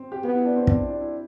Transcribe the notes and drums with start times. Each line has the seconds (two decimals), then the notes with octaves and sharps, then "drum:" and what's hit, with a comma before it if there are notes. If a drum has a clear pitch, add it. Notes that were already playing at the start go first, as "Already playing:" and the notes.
Already playing: C4
0.12 G4
0.24 B3 G4
0.35 E4
0.45 D4
0.56 C4
0.67 D4, drum: kick
0.79 E4
0.90 D4
1.02 E4